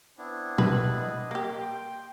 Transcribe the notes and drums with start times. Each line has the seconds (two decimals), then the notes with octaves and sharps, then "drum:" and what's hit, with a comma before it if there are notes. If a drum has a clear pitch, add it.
0.18 B3 C4 D4 E4
0.58 B4, drum: tom
0.91 D#5
1.31 A#3 G4
1.61 G5 C6